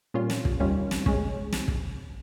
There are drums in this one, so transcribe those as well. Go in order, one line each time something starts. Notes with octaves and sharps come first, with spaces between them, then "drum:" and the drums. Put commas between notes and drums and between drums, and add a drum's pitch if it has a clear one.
A#2 G3 C#4 F4
drum: snare
drum: kick
D#2 D#3 G3 C#4 F4
drum: snare
G#3 C#4, drum: kick
drum: snare
drum: kick